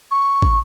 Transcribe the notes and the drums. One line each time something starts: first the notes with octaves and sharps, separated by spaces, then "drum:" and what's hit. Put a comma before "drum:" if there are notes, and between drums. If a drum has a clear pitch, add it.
C#6
drum: kick